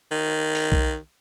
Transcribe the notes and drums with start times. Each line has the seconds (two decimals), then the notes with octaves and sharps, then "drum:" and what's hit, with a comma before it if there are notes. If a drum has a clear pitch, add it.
0.11 D#3
0.55 drum: open hi-hat
0.72 drum: kick B1